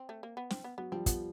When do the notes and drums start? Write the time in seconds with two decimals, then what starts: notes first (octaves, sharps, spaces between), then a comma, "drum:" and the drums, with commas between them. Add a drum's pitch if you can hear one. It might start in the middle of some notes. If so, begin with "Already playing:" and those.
Already playing: C4
0.09 A3
0.23 A#3
0.37 B3
0.50 C4, drum: snare
0.64 B3
0.78 F#3 B3
0.92 F3 G3 C4
1.06 F3 G3 B3, drum: kick, hi-hat